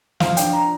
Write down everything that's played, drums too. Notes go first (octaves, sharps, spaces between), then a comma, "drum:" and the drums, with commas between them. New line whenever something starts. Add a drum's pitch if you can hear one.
F3 F5, drum: snare
D4 G5, drum: hi-hat
A#5